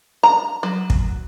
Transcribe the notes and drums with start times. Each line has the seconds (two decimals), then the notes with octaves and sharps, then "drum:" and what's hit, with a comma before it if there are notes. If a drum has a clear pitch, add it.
0.23 A#5
0.63 F#3
0.90 drum: kick